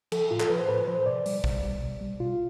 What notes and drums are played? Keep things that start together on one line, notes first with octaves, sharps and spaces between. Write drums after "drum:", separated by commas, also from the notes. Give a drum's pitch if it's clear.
F3 A4, drum: cymbal
A2 F4
A4, drum: clap
F3 B4
C5
A2 B4
F3 C5
B2 D5
G3, drum: open hi-hat
B2, drum: kick
G3
B2
G3
B2 F4